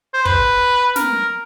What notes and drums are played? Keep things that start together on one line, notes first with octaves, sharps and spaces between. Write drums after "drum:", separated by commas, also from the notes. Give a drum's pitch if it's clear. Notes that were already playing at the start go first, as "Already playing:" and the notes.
C5
B4, drum: kick
A#4, drum: snare